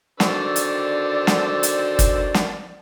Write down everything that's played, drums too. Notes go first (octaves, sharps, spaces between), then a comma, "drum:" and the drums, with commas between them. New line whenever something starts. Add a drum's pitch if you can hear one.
D3 D#3 F#4 C5 D5 E6, drum: snare
drum: hi-hat
drum: snare
drum: hi-hat
drum: kick, hi-hat
drum: snare